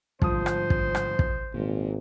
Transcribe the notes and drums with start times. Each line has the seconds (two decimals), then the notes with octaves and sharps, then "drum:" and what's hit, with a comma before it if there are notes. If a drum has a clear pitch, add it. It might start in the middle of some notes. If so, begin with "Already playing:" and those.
0.22 G#2 D3 F3 G3 C5 D#6, drum: kick
0.46 drum: rim click
0.70 drum: kick
0.95 drum: rim click
1.19 drum: kick
1.54 G#1 A#2